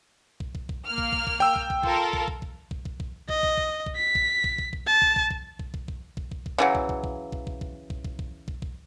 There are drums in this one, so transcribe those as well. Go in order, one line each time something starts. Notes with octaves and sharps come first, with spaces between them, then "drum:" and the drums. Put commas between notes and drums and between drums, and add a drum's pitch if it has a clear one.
drum: kick
drum: kick
drum: kick
A#3 F6
drum: kick
drum: kick
drum: kick
G5 E6
drum: kick
drum: kick
F4 A4 A#4, drum: kick
drum: kick
drum: kick
drum: kick
drum: kick
drum: kick
drum: kick
D#5, drum: kick
drum: kick
drum: kick
drum: kick
B6
drum: kick
drum: kick
drum: kick
drum: kick
A5
drum: kick
drum: kick
drum: kick
drum: kick
drum: kick
drum: kick
drum: kick
drum: kick
drum: kick
C#3 E3 F#3
drum: kick
drum: kick
drum: kick
drum: kick
drum: kick
drum: kick
drum: kick
drum: kick
drum: kick
drum: kick
drum: kick